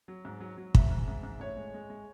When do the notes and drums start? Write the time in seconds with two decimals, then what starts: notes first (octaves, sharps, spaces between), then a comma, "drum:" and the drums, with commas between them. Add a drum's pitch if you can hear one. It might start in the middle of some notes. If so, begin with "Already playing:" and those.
0.08 F#3
0.25 G#2
0.41 F#3
0.58 F#3
0.75 G#2 E5, drum: kick
0.90 G#2
1.08 G#2
1.23 G#2
1.40 A2 C#5
1.57 G#3
1.74 G#3
1.90 G#3